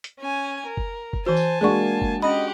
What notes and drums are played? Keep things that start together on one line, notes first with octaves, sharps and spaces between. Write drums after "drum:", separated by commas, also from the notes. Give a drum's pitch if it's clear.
drum: hi-hat
C#4 G#5
A#4
drum: kick F#1
drum: kick F#1
E3 F#4 C5 G#5 A5
drum: tambourine
G#3 A#3 D4 F#4 G#4 D5 C#6
drum: kick F#1
C#4 G4 D#5 F#5 B5